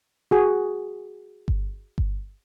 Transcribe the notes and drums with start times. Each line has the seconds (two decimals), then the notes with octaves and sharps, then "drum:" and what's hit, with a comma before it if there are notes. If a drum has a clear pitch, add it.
0.31 F#4 G#4
1.48 drum: kick G1
1.98 drum: kick G1